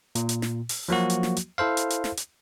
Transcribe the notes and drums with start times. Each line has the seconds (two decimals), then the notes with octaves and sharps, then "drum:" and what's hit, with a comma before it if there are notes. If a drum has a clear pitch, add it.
0.15 A#2, drum: hi-hat
0.29 drum: hi-hat
0.42 drum: snare
0.69 drum: open hi-hat
0.89 F3 F#3 A#3 F#4
1.10 drum: hi-hat
1.23 drum: snare
1.37 drum: hi-hat
1.58 E4 A4 C5 F5
1.77 drum: hi-hat
1.90 drum: hi-hat
2.04 drum: snare
2.17 drum: hi-hat